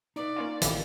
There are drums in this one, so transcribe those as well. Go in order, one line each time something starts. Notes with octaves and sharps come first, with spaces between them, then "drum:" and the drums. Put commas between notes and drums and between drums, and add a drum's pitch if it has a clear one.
D#4 B4 D5
A#3 C#4 F4
A1 A2 D#3 E3 F5, drum: hi-hat